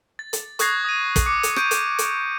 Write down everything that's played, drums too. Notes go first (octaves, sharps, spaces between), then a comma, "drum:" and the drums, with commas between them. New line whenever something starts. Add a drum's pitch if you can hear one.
A6
drum: hi-hat
C#6 D#6 F#6 G#6 A#6 C7, drum: hi-hat
D#6 A#6 D#7
drum: kick, hi-hat
D6 C#7
drum: hi-hat
C#6 G6 D7 D#7, drum: rim click
drum: hi-hat
drum: hi-hat